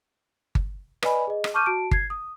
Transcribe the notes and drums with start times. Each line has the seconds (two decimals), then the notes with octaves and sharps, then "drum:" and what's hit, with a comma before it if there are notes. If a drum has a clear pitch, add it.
0.55 drum: kick G1
1.03 B4 D5 D#5 G#5 B5, drum: rim click
1.27 G#4 D#5
1.44 drum: rim click
1.54 A5 C#6 D6 F6 G6 D#7
1.66 F#4 A5 D7
1.91 G#6 C7, drum: kick G1
2.10 D#6